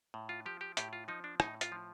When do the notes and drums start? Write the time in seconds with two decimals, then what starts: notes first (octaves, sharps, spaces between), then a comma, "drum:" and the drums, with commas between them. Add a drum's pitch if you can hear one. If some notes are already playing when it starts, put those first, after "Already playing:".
0.14 A2
0.29 F4
0.46 F3 G4
0.61 G4
0.77 A2 G4, drum: hi-hat
0.93 F4
1.08 F3 D#4
1.24 D4
1.40 A2 D#4, drum: rim click
1.61 F4, drum: hi-hat
1.72 F3